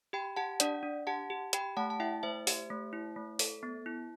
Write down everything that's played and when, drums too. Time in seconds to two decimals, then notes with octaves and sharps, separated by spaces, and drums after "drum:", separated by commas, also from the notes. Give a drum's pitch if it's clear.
0.13 G4 G5 B5
0.36 G4 F#5 A5
0.60 D4 D5 F#5, drum: hi-hat
0.83 D4
1.07 G4 F#5 A5
1.30 G4
1.53 G4 G5 B5, drum: hi-hat
1.77 A3 F#5 A5
1.90 A5
2.00 E4 E5 G5
2.23 A3 C5 E5
2.47 G4, drum: open hi-hat
2.70 A3
2.93 E4
3.16 A3
3.39 A4, drum: open hi-hat
3.63 B3
3.86 E4